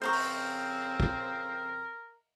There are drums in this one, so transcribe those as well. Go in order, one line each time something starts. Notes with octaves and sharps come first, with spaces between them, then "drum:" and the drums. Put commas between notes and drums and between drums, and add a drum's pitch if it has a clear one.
F2 C#3 C4 A#4 C5 A#5 C#6
drum: open hi-hat
drum: kick